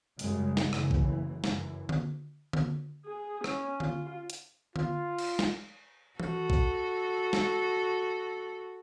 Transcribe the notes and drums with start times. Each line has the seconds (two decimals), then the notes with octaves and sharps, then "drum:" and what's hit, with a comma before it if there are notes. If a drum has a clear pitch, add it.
0.19 F#2 C#3 G3 G#3, drum: open hi-hat
0.57 drum: snare
0.73 F#1 C#3 E3, drum: rim click
0.91 drum: kick A#1
1.44 F#2 E3, drum: snare
1.89 drum: tom D3
2.53 drum: tom D3
3.06 G#4
3.44 C#4, drum: rim click
3.80 F4, drum: tom D3
4.30 drum: hi-hat
4.76 F4, drum: tom D3
5.19 drum: cymbal
5.39 drum: snare
6.20 F#4 A4, drum: tom E3
6.50 drum: kick A#1
7.33 drum: snare